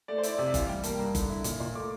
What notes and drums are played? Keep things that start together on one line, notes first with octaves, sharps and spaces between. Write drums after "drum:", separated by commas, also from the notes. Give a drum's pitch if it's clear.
A3 D5
C5
E4 D5, drum: hi-hat
C3 D5
E5
E3 F5, drum: kick F#1, hi-hat
G3 G5
A#3 A5, drum: hi-hat
G2 A#5
D3, drum: kick F#1, hi-hat
E4
A#2, drum: hi-hat
A#2 C6
A3 D6